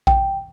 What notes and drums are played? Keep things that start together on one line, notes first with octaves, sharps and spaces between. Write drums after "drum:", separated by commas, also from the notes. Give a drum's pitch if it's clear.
G5, drum: kick A#1